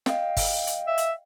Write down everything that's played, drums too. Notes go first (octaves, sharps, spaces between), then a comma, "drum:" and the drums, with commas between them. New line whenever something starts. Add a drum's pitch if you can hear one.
D#5 F5 G5, drum: snare
drum: kick, open hi-hat
drum: hi-hat
E5
drum: hi-hat